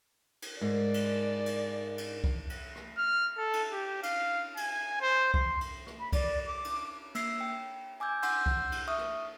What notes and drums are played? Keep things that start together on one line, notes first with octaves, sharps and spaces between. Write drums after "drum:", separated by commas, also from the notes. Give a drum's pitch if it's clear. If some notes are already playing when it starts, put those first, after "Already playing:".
drum: cymbal
G#2 A#4 D5
drum: cymbal
drum: cymbal
drum: cymbal
drum: kick C2
drum: cymbal
drum: rim click
F6
A4
drum: cymbal
G4
F5, drum: cymbal
G#5, drum: cymbal
C5
C6, drum: kick C2
drum: cymbal
drum: rim click
B5
D5, drum: kick C2, cymbal
D6
drum: cymbal
A#3 E6 C7, drum: cymbal
G5
G#5 D6 E6 G6 G#6
F#5 C6 E6 G6, drum: cymbal
drum: kick C2
drum: cymbal
E5 C#6 D#6 F6
drum: rim click